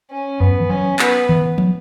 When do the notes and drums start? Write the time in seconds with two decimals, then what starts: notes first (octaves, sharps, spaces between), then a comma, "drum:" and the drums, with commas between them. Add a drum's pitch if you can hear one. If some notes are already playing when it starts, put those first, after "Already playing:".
0.11 C#4
0.40 F#2 B3
0.60 E3
0.70 F#3 C#4
0.99 B3, drum: clap
1.29 E3
1.58 drum: tom